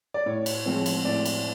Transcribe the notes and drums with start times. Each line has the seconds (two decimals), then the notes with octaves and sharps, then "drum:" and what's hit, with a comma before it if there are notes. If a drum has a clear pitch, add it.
0.14 D5
0.26 A2 C#5
0.46 drum: cymbal
0.65 F3 G#3 C4 C#5
0.86 drum: cymbal
1.05 A2 D5
1.25 drum: cymbal